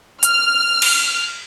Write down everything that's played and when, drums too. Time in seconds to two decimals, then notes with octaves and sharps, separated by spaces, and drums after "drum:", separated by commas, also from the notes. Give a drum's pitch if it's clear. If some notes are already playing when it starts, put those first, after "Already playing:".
0.23 F6, drum: hi-hat
0.82 drum: cymbal